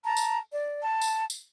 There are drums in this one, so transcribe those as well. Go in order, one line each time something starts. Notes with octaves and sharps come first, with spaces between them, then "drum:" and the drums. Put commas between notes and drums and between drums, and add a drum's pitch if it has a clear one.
A5 A#5
drum: tambourine
D5
A5
drum: tambourine
drum: tambourine